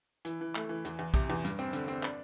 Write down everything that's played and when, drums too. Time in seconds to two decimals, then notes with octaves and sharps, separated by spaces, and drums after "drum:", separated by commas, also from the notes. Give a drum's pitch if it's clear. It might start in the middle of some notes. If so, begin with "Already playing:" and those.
0.25 E3, drum: hi-hat
0.41 E3
0.55 A3, drum: clap
0.69 E3
0.85 E2, drum: hi-hat
0.99 E2
1.14 C3, drum: kick, hi-hat
1.30 E2
1.45 G2, drum: hi-hat
1.59 C4
1.73 D3, drum: hi-hat
1.88 C4
2.03 D4, drum: clap